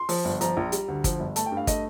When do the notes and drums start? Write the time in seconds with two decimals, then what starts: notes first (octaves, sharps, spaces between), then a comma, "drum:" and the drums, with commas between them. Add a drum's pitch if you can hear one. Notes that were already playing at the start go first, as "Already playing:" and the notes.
Already playing: C6
0.09 F3, drum: open hi-hat
0.25 G1
0.41 F3 A#5, drum: hi-hat
0.57 A#1
0.72 G3, drum: hi-hat
0.88 D2
1.04 F3, drum: kick, hi-hat
1.20 G1
1.36 A3 A5, drum: hi-hat
1.46 G5
1.52 G2
1.57 F5
1.67 A3 D#5, drum: kick, hi-hat